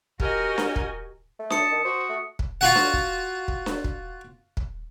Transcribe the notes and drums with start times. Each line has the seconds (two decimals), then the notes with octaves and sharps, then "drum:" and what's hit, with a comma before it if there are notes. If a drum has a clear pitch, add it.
0.20 F#4 G4 A#4 D#5 G#5, drum: kick
0.58 drum: snare D4
0.76 drum: kick
1.39 A3
1.50 A5 D#6 C#7, drum: snare D4
1.71 D#3
1.85 F#4 C5
2.09 A3
2.39 drum: kick
2.61 F4 F#4 F#5
2.75 drum: snare D4
2.94 drum: kick
3.48 drum: kick
3.66 drum: snare D4
3.84 drum: kick
4.57 drum: kick